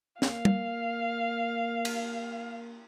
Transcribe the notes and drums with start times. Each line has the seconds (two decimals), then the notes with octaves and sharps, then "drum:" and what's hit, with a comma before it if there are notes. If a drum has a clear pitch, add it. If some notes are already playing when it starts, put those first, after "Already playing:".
0.22 A#3 F5, drum: snare
0.45 drum: tom
1.85 drum: cymbal